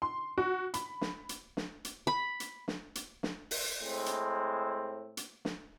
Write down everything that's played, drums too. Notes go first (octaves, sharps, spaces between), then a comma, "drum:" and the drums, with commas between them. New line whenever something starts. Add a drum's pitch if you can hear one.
C6
F#4
B5, drum: hi-hat
drum: snare
drum: hi-hat
drum: snare
drum: hi-hat
B5
drum: hi-hat
drum: snare
drum: hi-hat
drum: snare
drum: open hi-hat
A2 G#3 C4
drum: hi-hat
drum: hi-hat
drum: snare